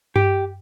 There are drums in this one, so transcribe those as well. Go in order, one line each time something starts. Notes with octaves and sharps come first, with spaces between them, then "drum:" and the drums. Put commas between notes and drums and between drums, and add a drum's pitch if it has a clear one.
G4, drum: tom G2